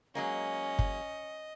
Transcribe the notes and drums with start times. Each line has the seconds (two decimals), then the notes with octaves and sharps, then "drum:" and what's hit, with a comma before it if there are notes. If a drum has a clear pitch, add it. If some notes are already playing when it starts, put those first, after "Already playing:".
0.15 F#3 G#3 A#3 C#4 D#5
0.79 drum: kick